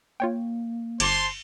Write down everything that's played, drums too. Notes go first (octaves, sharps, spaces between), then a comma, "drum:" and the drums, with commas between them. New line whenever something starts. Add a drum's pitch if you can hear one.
A#3 F4 C#5 G5
G1 C5 A5 C6 D6 G#6, drum: cymbal